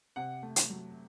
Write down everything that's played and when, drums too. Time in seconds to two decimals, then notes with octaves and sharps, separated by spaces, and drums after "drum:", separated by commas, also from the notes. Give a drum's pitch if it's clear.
0.16 C3 F#5
0.43 A3
0.56 drum: hi-hat
0.70 F#3